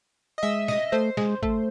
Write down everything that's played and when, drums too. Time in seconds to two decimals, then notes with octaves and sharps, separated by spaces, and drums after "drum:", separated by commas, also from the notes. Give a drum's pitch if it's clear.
0.38 D#5
0.43 G#3 E5
0.68 D#5, drum: snare
0.92 A3 C5
1.17 G#3, drum: snare
1.43 A3, drum: kick